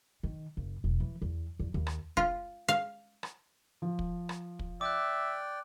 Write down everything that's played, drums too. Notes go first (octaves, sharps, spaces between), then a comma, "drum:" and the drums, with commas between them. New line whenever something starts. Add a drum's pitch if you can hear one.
D#3
F#1
E1
E3
E2
E2
D#2
drum: rim click
F4, drum: kick
F5
drum: rim click
F3
drum: kick
drum: rim click
drum: kick
D5 E5 G5 D6 F#6